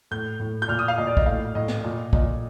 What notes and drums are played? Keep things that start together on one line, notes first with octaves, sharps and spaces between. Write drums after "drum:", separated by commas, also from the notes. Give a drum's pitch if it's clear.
A2 G6
A2
G6
A#2 F6
D#6
F5
A#2 D#5
D5
D#5, drum: kick
A2 F5
A2 D#5
drum: snare
A#2
A#2 D#5, drum: kick